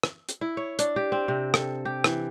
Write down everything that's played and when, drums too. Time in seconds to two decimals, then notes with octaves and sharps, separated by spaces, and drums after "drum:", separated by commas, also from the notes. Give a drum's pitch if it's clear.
0.03 drum: rim click
0.29 drum: hi-hat
0.41 E4
0.57 C#5
0.79 D4, drum: hi-hat
0.96 G4
1.12 C4
1.28 C3
1.54 A4, drum: rim click
1.85 G4
2.04 E3, drum: rim click